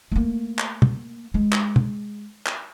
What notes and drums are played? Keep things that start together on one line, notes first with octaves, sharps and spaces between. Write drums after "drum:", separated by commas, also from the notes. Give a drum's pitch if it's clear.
A3 A#3
drum: clap
drum: tom
G#3
drum: clap
drum: tom
drum: clap